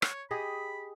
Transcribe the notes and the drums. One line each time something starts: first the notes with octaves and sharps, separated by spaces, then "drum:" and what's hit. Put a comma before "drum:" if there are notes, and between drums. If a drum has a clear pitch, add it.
C#5, drum: rim click
G4 G#4 D#5 B5